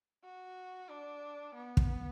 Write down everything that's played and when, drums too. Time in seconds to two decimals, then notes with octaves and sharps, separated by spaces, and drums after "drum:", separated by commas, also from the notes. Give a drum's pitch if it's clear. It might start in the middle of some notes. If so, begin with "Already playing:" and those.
0.25 F#4
0.89 D4
1.55 B3
1.77 drum: kick